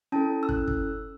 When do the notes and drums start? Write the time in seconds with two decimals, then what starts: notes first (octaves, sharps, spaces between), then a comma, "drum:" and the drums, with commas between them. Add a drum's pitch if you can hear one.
0.12 C#4 E4 A4 A5
0.43 E6
0.49 F#6, drum: kick
0.68 drum: kick